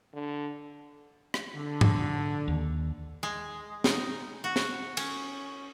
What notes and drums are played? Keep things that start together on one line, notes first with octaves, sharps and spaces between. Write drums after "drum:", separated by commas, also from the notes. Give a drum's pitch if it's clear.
D3
drum: rim click
D3
drum: tom G#2
D#2
G#3
D#4, drum: snare
F#4
drum: snare
C#4, drum: cymbal